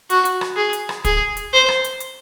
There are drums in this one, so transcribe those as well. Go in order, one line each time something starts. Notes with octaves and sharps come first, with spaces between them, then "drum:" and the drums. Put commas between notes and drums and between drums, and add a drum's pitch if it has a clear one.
F#4, drum: hi-hat
drum: hi-hat
drum: rim click
G#4
drum: hi-hat
drum: rim click
G#4, drum: kick, hi-hat
drum: hi-hat
C5
drum: rim click
drum: hi-hat
drum: hi-hat